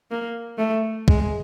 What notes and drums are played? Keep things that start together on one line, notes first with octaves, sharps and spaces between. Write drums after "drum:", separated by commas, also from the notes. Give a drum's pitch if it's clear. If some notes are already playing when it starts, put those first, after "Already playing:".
A#3
A3
G#3, drum: kick